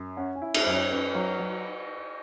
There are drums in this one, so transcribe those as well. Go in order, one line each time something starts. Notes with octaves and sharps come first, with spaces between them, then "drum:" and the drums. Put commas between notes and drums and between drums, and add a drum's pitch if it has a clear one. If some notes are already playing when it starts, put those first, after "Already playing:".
Already playing: F#2
C#4 F#5
G#5
E4
E5, drum: cymbal
F#2 E5
C#5
C#4 B4
F#3
F#3